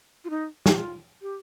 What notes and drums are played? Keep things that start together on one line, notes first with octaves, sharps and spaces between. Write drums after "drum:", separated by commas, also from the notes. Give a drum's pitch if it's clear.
F4
D#4
G4, drum: snare
F4
G4